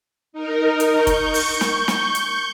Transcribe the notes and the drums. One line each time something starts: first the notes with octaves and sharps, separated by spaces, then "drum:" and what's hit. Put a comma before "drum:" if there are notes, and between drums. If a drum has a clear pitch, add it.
D#4 A#4
drum: hi-hat
C#6 G6
drum: kick F#1, hi-hat
drum: open hi-hat
drum: snare
drum: snare
drum: hi-hat